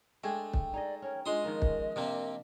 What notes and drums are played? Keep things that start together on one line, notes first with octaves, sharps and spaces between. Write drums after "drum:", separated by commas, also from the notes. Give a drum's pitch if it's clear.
G#3 A3 D4 G#4 G5
drum: kick
D#4 G#4 D5 D#5
C#4 A#4 C#5
G#3 C#4 D4 F4 D#5 C6 D#6
D#3 F3 D#4 A#4
drum: kick
C3 A#3 C4 D4